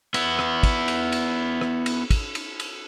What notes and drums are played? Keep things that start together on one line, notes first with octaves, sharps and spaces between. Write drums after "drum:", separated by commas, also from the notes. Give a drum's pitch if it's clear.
B3 E4, drum: cymbal
drum: rim click
drum: kick, cymbal
drum: cymbal
drum: cymbal
drum: rim click
drum: cymbal
drum: kick, cymbal
drum: cymbal
drum: cymbal